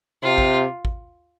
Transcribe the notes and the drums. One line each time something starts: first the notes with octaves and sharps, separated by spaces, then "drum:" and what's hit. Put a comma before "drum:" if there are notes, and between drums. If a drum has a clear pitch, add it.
C3 F4
drum: kick
drum: kick